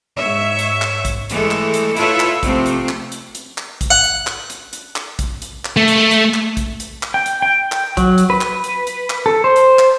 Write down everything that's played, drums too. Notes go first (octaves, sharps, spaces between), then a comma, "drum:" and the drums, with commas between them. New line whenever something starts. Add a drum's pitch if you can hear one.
G#2 C#5 E5
drum: hi-hat
drum: clap
drum: kick A#1, hi-hat
E3 G#3 A3 A4, drum: hi-hat
drum: clap
drum: hi-hat
E4 F4 A4 B4 C#5 E5, drum: hi-hat
drum: clap
C3 F3 A3 C4, drum: kick A#1, hi-hat
drum: hi-hat
drum: clap
drum: hi-hat
drum: hi-hat
drum: clap
drum: kick A#1, hi-hat
F#5
drum: hi-hat
drum: clap
drum: hi-hat
drum: hi-hat
drum: clap
drum: kick A#1, hi-hat
drum: hi-hat
drum: clap
A3
drum: hi-hat
drum: hi-hat
drum: clap
drum: kick A#1, hi-hat
drum: hi-hat
drum: clap
G5
drum: hi-hat
G5
drum: clap
F#3, drum: kick A#1, hi-hat
drum: hi-hat
B4
drum: clap
drum: hi-hat
drum: hi-hat
drum: clap
A4
C5
drum: hi-hat
drum: clap